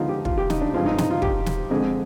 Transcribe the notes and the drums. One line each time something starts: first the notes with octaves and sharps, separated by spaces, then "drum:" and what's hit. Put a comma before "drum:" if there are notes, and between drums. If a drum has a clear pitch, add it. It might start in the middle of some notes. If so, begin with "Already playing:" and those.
Already playing: D2 D3 F3 G#3 B3 D#4 F4
G4
F4, drum: kick
G4
D#4, drum: snare
D4
G2 F3 G#3 C4 F4
D#4
D#4, drum: snare
F4
G4, drum: kick
drum: snare
F2 D3 G#3 C4